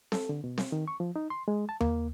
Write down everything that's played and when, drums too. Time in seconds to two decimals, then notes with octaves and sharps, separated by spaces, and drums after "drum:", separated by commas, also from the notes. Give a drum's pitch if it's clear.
0.12 A4, drum: snare C4
0.29 D3
0.44 B2
0.58 drum: snare C4
0.72 D#3
0.88 C#6
1.00 F3
1.16 D#4
1.30 C6
1.48 G#3
1.69 A5
1.81 A#3, drum: tom D#2